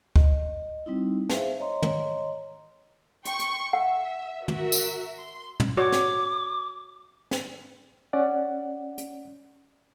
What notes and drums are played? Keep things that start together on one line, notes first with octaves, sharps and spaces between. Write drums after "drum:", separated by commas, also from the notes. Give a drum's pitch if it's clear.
D#5, drum: kick D2
G3 C4 D#4 E4
G#4 C5 E5 F5, drum: snare
C#5 D#5 A#5 C6
drum: tom
G5 C6 C#6, drum: hi-hat
drum: hi-hat
E5 F#5
F#4 A#4 E5, drum: tom
drum: tambourine
C6
drum: tom
F#4 C#5 D5 D6
drum: snare
drum: snare
C#4 D5 F#5
drum: hi-hat